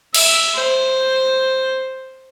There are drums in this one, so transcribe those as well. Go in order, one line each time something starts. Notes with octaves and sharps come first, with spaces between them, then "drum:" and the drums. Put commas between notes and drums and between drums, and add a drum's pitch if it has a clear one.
E5, drum: cymbal
C5